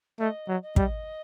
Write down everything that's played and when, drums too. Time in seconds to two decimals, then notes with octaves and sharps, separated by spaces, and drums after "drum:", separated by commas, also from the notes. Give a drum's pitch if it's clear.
0.20 A3 D#5
0.48 F#3
0.62 D#5
0.76 G3, drum: kick